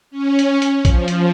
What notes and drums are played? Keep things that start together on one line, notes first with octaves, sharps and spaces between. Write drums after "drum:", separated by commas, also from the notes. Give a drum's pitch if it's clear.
C#4
drum: hi-hat
drum: hi-hat
F3, drum: kick, hi-hat
drum: hi-hat